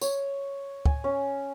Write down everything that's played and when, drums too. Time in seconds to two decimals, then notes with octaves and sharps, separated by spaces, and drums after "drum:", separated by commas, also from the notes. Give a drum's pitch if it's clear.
0.01 C#5, drum: tambourine
0.85 G#5, drum: kick
1.04 C#4